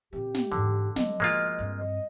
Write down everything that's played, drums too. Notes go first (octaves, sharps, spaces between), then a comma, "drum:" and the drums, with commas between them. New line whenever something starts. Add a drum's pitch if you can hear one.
A#2 C4 G4
drum: snare
E2 G#2 D3
F#3 C4 D#5, drum: snare
B2 F3 G#3 A#3 F4
G2 C4
D#5